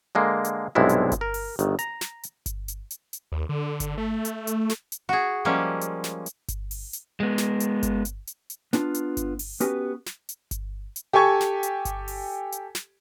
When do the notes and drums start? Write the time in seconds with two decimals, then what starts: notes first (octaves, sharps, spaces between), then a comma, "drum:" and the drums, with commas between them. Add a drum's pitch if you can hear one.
0.15 D3 G#3 A#3
0.44 drum: hi-hat
0.75 B1 G2 C3 G#3 E4
0.89 drum: hi-hat
1.12 drum: kick G1, hi-hat
1.21 A#4
1.34 drum: open hi-hat
1.59 G1 D#3, drum: hi-hat
1.79 A#5, drum: hi-hat
2.01 drum: snare
2.23 drum: hi-hat
2.46 drum: kick G1, hi-hat
2.68 drum: hi-hat
2.91 drum: hi-hat
3.13 drum: hi-hat
3.32 D#2
3.49 D3
3.80 drum: kick G1, hi-hat
3.98 A3
4.25 drum: hi-hat
4.47 drum: hi-hat
4.69 drum: snare
4.92 drum: hi-hat
5.09 F#4 G#4
5.45 F3 G3 G#3 A#3 C#4
5.81 drum: hi-hat
6.04 drum: snare
6.26 drum: hi-hat
6.48 drum: kick G1, hi-hat
6.71 drum: open hi-hat
6.93 drum: hi-hat
7.20 G#3 B3
7.38 drum: snare
7.60 drum: hi-hat
7.83 drum: kick G1, hi-hat
8.05 drum: hi-hat
8.27 drum: hi-hat
8.50 drum: hi-hat
8.73 B3 D4 F4, drum: snare
8.94 drum: hi-hat
9.17 drum: kick G1, hi-hat
9.39 drum: open hi-hat
9.60 B3 C#4 F#4 G4 B4, drum: hi-hat
10.06 drum: snare
10.29 drum: hi-hat
10.51 drum: kick G1, hi-hat
10.96 drum: hi-hat
11.13 G4 A4 G#5 C#6 G#6
11.41 drum: snare
11.63 drum: hi-hat
11.85 drum: kick G1, hi-hat
12.08 drum: open hi-hat
12.52 drum: hi-hat
12.75 drum: snare